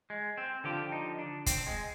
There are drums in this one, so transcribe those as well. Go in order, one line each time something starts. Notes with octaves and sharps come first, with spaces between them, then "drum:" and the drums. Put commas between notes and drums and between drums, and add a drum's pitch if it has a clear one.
G#3
C4
D3 F3 G4
D#4
D4
C4, drum: kick, hi-hat
G#3